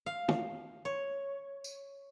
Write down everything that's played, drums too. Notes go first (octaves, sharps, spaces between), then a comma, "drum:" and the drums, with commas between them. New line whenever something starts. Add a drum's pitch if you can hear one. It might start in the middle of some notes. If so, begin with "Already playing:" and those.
F5
drum: tom
C#5
drum: tambourine